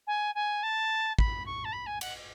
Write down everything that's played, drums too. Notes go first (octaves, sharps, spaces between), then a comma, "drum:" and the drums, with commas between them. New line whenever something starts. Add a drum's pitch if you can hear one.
G#5
G#5
A5
B5, drum: kick
C#6
A5
B5
G#5
F#5, drum: cymbal